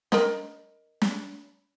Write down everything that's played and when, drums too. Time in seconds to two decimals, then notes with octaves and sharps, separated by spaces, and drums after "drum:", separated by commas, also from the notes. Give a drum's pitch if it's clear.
0.12 A#4 D#5 G5, drum: snare
1.02 drum: snare